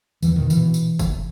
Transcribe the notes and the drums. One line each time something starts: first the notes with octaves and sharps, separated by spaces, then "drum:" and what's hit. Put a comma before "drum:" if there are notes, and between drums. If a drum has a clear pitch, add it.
E2 E3, drum: tambourine
B2 D#3
E3, drum: tambourine
B2
drum: tambourine
drum: kick F1, tambourine